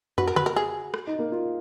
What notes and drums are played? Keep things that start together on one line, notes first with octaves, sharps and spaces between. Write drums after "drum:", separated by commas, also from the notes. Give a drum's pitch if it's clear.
F#4 B4, drum: tom
A#4
B4, drum: tom C#3
A#4
G#4
drum: rim click
D#4
A#3
F4